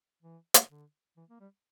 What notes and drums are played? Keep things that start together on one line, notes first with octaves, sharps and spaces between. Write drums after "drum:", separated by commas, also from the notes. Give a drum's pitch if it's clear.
E3
drum: hi-hat
D3
E3
A#3
G3